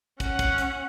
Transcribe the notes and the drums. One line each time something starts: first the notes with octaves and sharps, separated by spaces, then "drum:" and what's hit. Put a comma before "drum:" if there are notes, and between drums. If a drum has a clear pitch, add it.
C#4 F#5, drum: kick, hi-hat
drum: kick, hi-hat
drum: hi-hat